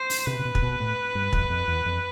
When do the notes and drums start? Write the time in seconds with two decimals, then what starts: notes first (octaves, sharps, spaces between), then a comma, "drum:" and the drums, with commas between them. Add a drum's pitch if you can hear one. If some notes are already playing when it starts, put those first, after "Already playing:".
Already playing: C5
0.10 drum: open hi-hat
0.26 C3 B4
0.39 C3
0.45 B2
0.55 C3, drum: kick
0.62 B2
0.80 A2
1.15 G2
1.33 F2, drum: kick
1.50 F2
1.68 E2
1.86 F2